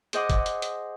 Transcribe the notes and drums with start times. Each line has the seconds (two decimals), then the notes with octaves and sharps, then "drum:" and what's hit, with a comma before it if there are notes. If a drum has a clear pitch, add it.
0.13 G#4 C5 D#5 F#5 D6, drum: hi-hat
0.30 drum: kick, hi-hat
0.46 drum: hi-hat
0.62 drum: hi-hat